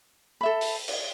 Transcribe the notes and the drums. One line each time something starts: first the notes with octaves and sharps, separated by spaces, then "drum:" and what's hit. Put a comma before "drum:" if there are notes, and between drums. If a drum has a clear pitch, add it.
A4 E5 B5
drum: open hi-hat
drum: cymbal